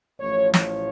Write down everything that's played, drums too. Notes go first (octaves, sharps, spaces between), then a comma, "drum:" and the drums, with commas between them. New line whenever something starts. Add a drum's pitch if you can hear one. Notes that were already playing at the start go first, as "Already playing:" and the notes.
A1 A2 F3 C#5
C#5, drum: snare